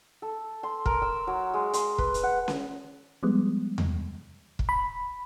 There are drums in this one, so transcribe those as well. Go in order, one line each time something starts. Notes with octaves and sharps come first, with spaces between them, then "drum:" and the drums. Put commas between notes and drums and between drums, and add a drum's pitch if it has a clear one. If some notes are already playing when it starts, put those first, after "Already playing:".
A4
C6
A#4, drum: kick
E6
F#3
G#3
C6, drum: hi-hat
B4, drum: kick
drum: hi-hat
F#5
drum: snare C#4
F3 G3 G#3 B3
drum: tom E2
drum: kick
B5